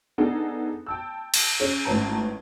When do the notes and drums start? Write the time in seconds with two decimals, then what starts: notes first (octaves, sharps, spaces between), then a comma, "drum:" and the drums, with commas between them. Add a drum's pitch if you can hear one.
0.18 B3 D4 D#4 G#4 A4
0.86 G5 A5 E6
1.34 drum: cymbal
1.60 C#4 G#4
1.85 G#1 A2 C#4 B4 A5 A#5